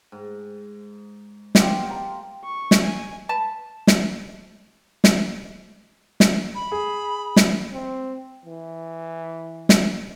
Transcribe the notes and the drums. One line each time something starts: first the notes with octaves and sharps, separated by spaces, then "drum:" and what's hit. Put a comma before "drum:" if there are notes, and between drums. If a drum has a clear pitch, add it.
G#2
B3 G4 F5 C6, drum: snare
G5 A5 A#5 C6
C#6
drum: snare
G#5
B4 A5
drum: snare
drum: snare
drum: snare
B5
G#4
drum: snare
C4
E3
drum: snare